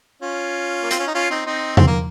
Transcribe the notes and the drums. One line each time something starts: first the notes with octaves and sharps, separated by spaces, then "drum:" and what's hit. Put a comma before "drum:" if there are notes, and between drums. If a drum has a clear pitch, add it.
C#4 F4
A#3
C4, drum: hi-hat
C#4
D#4
C#4 F4
C4 D#4
C4 D#4
C4, drum: tom E2
A#3